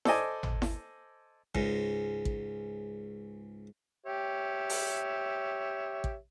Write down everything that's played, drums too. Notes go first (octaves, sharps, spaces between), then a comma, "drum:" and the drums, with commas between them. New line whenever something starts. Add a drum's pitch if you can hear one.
A4 C5 D5 D#5 G#5, drum: snare E4
drum: tom G#1
drum: snare E4
C#2 G#2, drum: kick
drum: kick
G4 C#5 E5
drum: open hi-hat
drum: kick